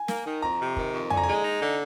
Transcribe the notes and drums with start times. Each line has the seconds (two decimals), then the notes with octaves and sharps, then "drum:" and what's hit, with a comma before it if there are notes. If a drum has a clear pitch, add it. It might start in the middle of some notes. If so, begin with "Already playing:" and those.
Already playing: G#5
0.08 A#3, drum: snare
0.26 D#3
0.42 F2 A#5
0.60 C3
0.76 D#3, drum: kick
0.93 F2
1.10 D3 G#5, drum: tom F2
1.17 A#5
1.23 G#3 G#5
1.43 D#4
1.61 D3